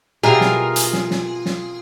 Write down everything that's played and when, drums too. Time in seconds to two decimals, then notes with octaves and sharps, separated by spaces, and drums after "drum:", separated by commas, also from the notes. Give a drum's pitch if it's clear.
0.23 B2 G3 E4 F4 G#4 A#4
0.41 drum: snare
0.76 drum: hi-hat
0.93 drum: snare
1.11 drum: snare
1.46 drum: snare